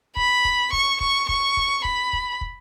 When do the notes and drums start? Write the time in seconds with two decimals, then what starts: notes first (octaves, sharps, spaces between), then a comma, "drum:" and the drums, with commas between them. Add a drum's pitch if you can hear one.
0.17 B5, drum: kick
0.45 drum: kick
0.73 C#6, drum: kick
1.01 C#6, drum: kick
1.29 C#6, drum: kick
1.57 drum: kick
1.85 B5, drum: kick
2.13 drum: kick
2.41 drum: kick